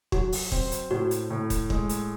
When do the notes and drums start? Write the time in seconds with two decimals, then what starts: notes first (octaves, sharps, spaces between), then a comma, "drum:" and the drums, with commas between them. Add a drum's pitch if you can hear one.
0.12 F#3 F#4, drum: kick
0.32 drum: open hi-hat
0.52 C4, drum: kick
0.72 drum: hi-hat
0.91 A2 F#4
1.11 drum: hi-hat
1.30 A2
1.50 drum: kick, hi-hat
1.70 G#3, drum: kick
1.89 drum: hi-hat